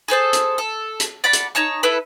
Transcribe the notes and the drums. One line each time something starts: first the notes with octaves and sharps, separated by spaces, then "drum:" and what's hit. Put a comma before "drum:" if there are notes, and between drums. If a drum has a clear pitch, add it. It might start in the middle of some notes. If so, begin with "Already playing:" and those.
G#4 A4 C5 A5
drum: hi-hat
A4
drum: hi-hat
D5 F#5 A5 B5
drum: hi-hat
D#4 C#5 A5 C#6
E4 A4 B4